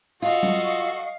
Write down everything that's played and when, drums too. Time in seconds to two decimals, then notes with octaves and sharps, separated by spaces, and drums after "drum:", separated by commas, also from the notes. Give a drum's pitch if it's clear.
0.22 F4 F#4 A4 D#5 F5 C#6
0.43 drum: tom F#3